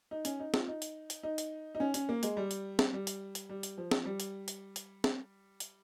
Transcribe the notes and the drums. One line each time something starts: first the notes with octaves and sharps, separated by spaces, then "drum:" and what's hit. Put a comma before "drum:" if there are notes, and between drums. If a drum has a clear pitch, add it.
D#4
C#4, drum: hi-hat
D#4
F4, drum: snare C4
D#4
drum: hi-hat
drum: hi-hat
D#4
drum: hi-hat
D#4
C#4
C#4, drum: hi-hat
A#3
G#3, drum: hi-hat
G3
drum: hi-hat
drum: snare C4
G3
drum: hi-hat
drum: hi-hat
G3
drum: hi-hat
F3
drum: snare C4
G3
drum: hi-hat
drum: hi-hat
drum: hi-hat
drum: snare C4
drum: hi-hat